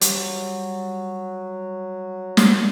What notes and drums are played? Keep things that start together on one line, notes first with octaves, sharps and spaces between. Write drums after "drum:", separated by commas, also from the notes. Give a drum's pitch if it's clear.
F#3 G3, drum: hi-hat
drum: snare